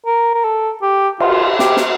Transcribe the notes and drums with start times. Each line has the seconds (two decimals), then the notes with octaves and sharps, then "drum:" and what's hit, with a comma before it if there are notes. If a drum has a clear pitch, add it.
0.06 A#4
0.34 A#4
0.44 A4
0.82 G4
1.20 F4, drum: cymbal
1.59 G4, drum: snare
1.77 drum: snare